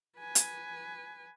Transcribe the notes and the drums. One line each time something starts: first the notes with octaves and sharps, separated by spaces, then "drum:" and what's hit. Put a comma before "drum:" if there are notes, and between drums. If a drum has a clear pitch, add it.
B4 G#5
drum: hi-hat